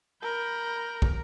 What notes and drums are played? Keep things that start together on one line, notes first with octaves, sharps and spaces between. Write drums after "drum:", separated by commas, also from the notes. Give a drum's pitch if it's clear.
A#4 B5 G6
drum: kick